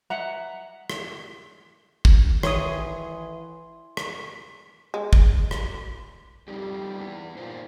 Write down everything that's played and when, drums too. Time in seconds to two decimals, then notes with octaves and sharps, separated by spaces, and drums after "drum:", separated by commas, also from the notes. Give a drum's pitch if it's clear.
0.10 D#5 E5 F#5 A#5
0.90 drum: rim click
2.05 drum: kick
2.43 D#3 E3 C#5 C6 D#6, drum: rim click
3.97 drum: rim click
4.94 G#3
5.13 drum: kick
5.51 drum: rim click
6.48 G3 C4 D#4 G4
7.00 B3 E4
7.37 A#2 A#3 D#4 C5